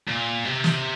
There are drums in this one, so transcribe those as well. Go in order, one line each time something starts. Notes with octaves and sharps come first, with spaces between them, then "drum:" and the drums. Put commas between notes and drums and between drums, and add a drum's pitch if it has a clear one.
A#2
C3
drum: snare